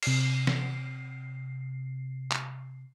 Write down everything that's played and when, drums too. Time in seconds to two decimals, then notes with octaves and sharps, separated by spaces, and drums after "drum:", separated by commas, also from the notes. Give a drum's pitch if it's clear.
0.03 C3 C7, drum: cymbal
0.47 drum: snare
2.32 drum: clap